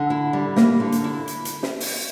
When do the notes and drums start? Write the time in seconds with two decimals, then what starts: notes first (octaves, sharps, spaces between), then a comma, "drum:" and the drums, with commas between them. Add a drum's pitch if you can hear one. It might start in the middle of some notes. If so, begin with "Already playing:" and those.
Already playing: D3 F#5
0.10 E4
0.33 G3
0.56 A#3, drum: snare
0.80 D3
0.92 drum: hi-hat
1.04 E4
1.28 drum: hi-hat
1.45 drum: hi-hat
1.63 drum: snare
1.80 drum: open hi-hat